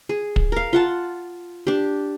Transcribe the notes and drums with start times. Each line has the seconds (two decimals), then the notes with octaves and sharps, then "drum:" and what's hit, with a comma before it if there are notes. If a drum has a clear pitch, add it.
0.09 G#4
0.36 drum: kick
0.52 A#4 F5
0.73 F4 F#5 A5
1.67 D4 G4